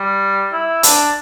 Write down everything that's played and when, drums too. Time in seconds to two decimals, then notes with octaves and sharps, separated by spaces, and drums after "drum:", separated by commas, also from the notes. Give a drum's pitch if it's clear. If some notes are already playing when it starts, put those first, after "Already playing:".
Already playing: G3
0.52 E4
0.83 D4, drum: hi-hat